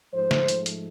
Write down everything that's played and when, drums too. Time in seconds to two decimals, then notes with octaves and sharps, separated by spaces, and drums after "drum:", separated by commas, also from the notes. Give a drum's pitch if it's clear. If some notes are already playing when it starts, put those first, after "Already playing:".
0.13 G#2 F3 A3 C5
0.31 drum: snare
0.48 drum: hi-hat
0.66 drum: hi-hat